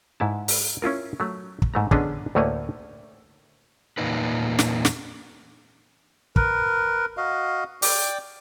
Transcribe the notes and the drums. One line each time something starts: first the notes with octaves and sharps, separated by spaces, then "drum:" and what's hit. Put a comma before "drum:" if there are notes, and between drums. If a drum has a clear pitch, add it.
G#2 E4 A5
drum: open hi-hat
C#4 E4 F4 A#4
F#3 A3
drum: kick
G#2 A3 A#5
D3 B3 C#4 D4 G#4 D#5, drum: kick
D2 A2 A3 A#3 C#5 D#5
E2 A#2 A#3 D#4 B4
drum: snare
drum: snare
A#4 B4, drum: kick
F#4 D#5 F5
D5 G5 D6, drum: open hi-hat